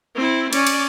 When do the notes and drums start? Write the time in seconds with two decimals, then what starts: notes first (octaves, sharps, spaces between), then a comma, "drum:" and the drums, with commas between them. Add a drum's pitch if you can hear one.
0.16 C4 E4
0.53 C#4 D5, drum: cymbal
0.67 drum: cymbal